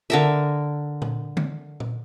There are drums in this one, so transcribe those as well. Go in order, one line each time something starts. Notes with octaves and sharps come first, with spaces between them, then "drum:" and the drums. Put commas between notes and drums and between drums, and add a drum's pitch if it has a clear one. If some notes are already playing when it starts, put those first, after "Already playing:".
D3 A#4 E5
drum: tom A#2
drum: tom D3
drum: tom A#2